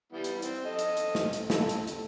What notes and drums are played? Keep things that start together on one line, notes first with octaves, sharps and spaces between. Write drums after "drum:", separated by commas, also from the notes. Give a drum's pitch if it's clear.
E3 G3 B3
drum: hi-hat
C4, drum: hi-hat
A4 D#5
drum: hi-hat
drum: hi-hat
drum: snare
drum: hi-hat
A4, drum: snare
drum: hi-hat
drum: hi-hat